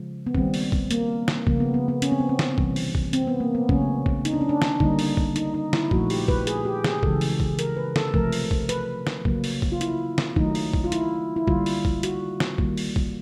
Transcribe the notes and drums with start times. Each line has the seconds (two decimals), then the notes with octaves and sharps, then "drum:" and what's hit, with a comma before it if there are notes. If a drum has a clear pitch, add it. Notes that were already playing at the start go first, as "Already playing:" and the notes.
Already playing: C#3 F3 G#3
0.27 B3
0.35 D#3 G3 A#3 C4, drum: kick
0.54 drum: open hi-hat
0.72 drum: kick
0.91 A#3, drum: hi-hat
1.28 drum: snare
1.47 C#3 F3 A3 A#3, drum: kick
1.60 B3
1.74 B3
1.88 B3
2.02 C#4, drum: hi-hat
2.12 C4
2.20 B3
2.29 C4
2.39 drum: snare
2.58 C3 E3 G3, drum: kick
2.76 drum: open hi-hat
2.95 drum: kick
3.13 C4, drum: hi-hat
3.27 B3
3.40 A#3
3.55 B3
3.69 C#3 F#3 A3 C#4, drum: kick
4.06 drum: kick
4.25 D#4, drum: hi-hat
4.33 D4
4.41 C#4
4.49 D4
4.62 drum: snare
4.80 D3 G3 A#3 D#4, drum: kick
4.99 drum: open hi-hat
5.17 drum: kick
5.36 D#4, drum: hi-hat
5.54 D#4
5.73 E4, drum: snare
5.91 A#2 F3 A3 F#4, drum: kick
6.10 G4, drum: open hi-hat
6.28 B4, drum: kick
6.47 G#4, drum: hi-hat
6.65 G4
6.84 G#4, drum: snare
7.03 C#3 E3 G#3 A4, drum: kick
7.21 drum: open hi-hat
7.40 drum: kick
7.59 A#4, drum: hi-hat
7.77 B4
7.96 A4, drum: snare
8.14 C3 F3 A3 A#4, drum: kick
8.32 drum: open hi-hat
8.51 drum: kick
8.69 B4, drum: hi-hat
9.07 drum: snare
9.25 C#3 F#3 A#3, drum: kick
9.44 drum: open hi-hat
9.62 drum: kick
9.72 F4
9.81 E4, drum: hi-hat
10.18 drum: snare
10.36 D#3 F#3 A3 D#4, drum: kick
10.55 drum: open hi-hat
10.74 drum: kick
10.84 F4
10.92 E4, drum: hi-hat
11.36 E4
11.47 D3 G3 A#3 F4, drum: kick
11.66 drum: open hi-hat
11.85 drum: kick
12.03 F#4, drum: hi-hat
12.40 drum: snare
12.58 D#3 G3 A#3, drum: kick
12.77 drum: open hi-hat
12.96 drum: kick